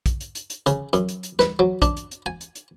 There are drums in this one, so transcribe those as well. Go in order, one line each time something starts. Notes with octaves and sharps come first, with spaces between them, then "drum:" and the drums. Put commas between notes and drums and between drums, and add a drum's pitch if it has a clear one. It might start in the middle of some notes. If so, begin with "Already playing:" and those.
drum: kick, hi-hat
drum: hi-hat
drum: hi-hat
drum: hi-hat
C#3, drum: hi-hat
F#2, drum: hi-hat
drum: hi-hat
drum: hi-hat
B4, drum: snare
F#3
D4, drum: kick, hi-hat
drum: hi-hat
drum: hi-hat
G#5
drum: hi-hat
drum: hi-hat